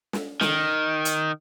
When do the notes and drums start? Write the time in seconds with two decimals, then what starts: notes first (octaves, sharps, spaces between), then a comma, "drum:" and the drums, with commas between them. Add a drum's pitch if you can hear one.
0.13 drum: snare
0.41 D#3, drum: snare
1.05 drum: hi-hat